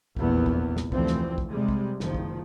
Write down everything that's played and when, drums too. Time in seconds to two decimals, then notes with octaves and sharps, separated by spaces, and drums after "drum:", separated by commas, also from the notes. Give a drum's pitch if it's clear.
0.17 F1 A#1 E2 B3, drum: kick
0.46 drum: kick
0.77 drum: snare
0.92 F1 D2 E3 F3 C4, drum: kick
1.07 drum: snare
1.38 drum: kick
1.48 C3 G3 G#3
1.69 drum: kick
2.00 F#1 D#3 F3, drum: snare
2.14 drum: kick